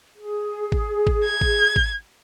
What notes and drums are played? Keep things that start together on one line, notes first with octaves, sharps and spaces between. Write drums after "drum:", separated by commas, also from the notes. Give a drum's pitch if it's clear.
G#4
drum: kick G#1
drum: kick G#1
G#6
drum: kick G#1
drum: kick G#1